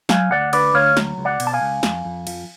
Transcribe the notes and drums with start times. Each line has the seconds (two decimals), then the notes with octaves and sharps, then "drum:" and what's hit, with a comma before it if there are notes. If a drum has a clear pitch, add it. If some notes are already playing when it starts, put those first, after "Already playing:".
0.09 F#3 F5 G#5, drum: snare
0.31 D2 D5 F#5
0.53 D3 B4 D5, drum: cymbal
0.74 D2 C#5 F5
0.97 F#3, drum: snare
1.18 C#2
1.25 D5 F#5
1.40 B2, drum: cymbal
1.47 A5
1.53 F5 G#5
1.61 C#2
1.83 F2, drum: snare
2.05 F2
2.27 F3, drum: cymbal